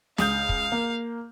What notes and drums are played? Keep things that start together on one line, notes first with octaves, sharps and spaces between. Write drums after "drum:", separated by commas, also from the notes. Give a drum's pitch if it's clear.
C#2 F5 D#6 G6, drum: snare
drum: kick
A#3